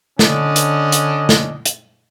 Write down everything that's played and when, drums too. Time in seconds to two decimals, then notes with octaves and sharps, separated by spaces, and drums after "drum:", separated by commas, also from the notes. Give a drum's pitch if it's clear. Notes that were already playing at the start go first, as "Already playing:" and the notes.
0.19 D3 C#4 D4 D#5, drum: snare
0.56 drum: hi-hat
0.92 drum: hi-hat
1.29 drum: snare
1.65 drum: hi-hat